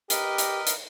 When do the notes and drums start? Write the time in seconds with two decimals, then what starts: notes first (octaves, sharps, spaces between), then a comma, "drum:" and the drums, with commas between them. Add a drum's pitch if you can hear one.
0.10 G4 A#4 B4 D#5, drum: hi-hat
0.38 drum: hi-hat
0.67 drum: hi-hat